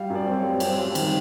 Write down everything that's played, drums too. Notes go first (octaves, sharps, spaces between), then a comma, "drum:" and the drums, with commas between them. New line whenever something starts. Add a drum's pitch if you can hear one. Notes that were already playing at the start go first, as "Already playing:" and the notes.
Already playing: G3 F5
F#2
D5
C4
C#5
G3
C4 C#5, drum: cymbal
G3
D#3, drum: cymbal